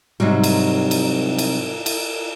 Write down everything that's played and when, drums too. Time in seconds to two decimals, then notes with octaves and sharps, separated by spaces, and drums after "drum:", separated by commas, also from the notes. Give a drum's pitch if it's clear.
0.20 G#2 C3 F#3 G3
0.44 drum: cymbal
0.91 drum: cymbal
1.38 drum: cymbal
1.86 drum: cymbal